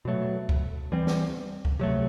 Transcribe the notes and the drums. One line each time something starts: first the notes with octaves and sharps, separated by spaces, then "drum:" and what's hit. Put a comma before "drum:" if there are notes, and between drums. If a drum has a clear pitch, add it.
B2 F#3 A3
drum: kick C#2
E3 G3 C4
drum: snare
drum: kick C#2
C3 F#3 A3